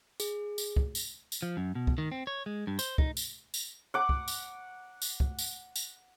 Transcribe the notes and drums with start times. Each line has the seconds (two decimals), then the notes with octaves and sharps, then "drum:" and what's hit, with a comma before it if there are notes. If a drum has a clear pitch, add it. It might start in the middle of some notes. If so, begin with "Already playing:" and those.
0.20 G#4, drum: tambourine
0.58 drum: tambourine
0.76 drum: kick
0.95 drum: tambourine
1.32 drum: tambourine
1.42 F3
1.57 F#2
1.75 B2
1.87 drum: kick
1.98 D#3
2.12 C4
2.27 C#5
2.46 G#3
2.67 G2
2.79 C5, drum: tambourine
2.98 D#4, drum: kick
3.17 drum: tambourine
3.54 drum: tambourine
3.94 F#5 D6
4.09 drum: kick
4.28 drum: tambourine
5.02 drum: tambourine
5.20 drum: kick
5.39 drum: tambourine
5.76 drum: tambourine